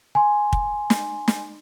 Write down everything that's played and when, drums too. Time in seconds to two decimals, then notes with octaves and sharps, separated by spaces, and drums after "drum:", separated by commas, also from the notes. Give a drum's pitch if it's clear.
0.15 G#5 C6
0.53 drum: kick
0.90 drum: snare
1.28 drum: snare